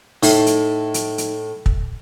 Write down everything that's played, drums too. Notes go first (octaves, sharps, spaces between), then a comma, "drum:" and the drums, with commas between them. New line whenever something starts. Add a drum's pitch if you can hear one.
A2 D#4, drum: open hi-hat
drum: hi-hat
drum: hi-hat
drum: hi-hat
drum: kick